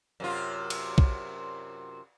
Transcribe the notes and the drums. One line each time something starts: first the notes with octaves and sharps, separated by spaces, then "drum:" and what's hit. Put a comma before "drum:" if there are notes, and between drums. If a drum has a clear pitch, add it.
F#2 C3 F4
drum: cymbal
drum: kick